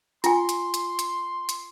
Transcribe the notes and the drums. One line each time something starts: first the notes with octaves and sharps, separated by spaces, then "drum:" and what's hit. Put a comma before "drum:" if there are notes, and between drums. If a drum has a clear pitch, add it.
F4 G#5 C6, drum: hi-hat
drum: hi-hat
drum: hi-hat
drum: hi-hat
drum: hi-hat